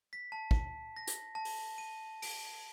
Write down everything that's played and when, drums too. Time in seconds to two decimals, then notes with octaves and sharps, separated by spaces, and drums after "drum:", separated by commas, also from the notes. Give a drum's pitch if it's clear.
0.13 B6
0.32 A5
0.51 drum: kick
0.97 A#6
1.07 drum: hi-hat
1.35 A5
1.45 drum: open hi-hat
1.78 D#7
2.22 D7, drum: open hi-hat